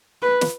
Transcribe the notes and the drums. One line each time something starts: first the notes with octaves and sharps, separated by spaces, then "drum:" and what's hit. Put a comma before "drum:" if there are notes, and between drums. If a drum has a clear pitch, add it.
B4
drum: snare